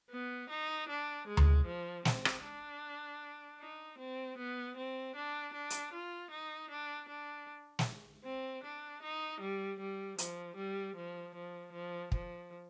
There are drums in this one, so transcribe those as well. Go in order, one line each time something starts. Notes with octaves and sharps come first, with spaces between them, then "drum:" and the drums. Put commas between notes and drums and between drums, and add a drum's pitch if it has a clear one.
B3
D#4
D4
G#3
drum: tom D2
F3
C4, drum: snare
drum: rim click
D4
D#4
C4
B3
C4
D4
D4
drum: hi-hat
F4
D#4
D4
D4
drum: snare
C4
D4
D#4
G3
G3
F3, drum: hi-hat
G3
F3
F3
F3
F3, drum: kick